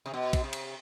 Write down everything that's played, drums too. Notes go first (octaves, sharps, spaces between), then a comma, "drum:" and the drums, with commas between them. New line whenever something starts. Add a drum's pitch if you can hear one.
C3
B2
drum: kick A#1, cymbal
C3
drum: cymbal